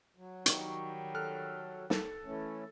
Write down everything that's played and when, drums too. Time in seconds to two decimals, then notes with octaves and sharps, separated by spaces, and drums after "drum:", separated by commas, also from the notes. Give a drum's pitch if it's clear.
0.16 F#3
0.46 D#3 G3 D#4 C#6, drum: hi-hat
1.15 A4 F6 F#6
1.90 A4, drum: snare
2.25 E3 A3 C#4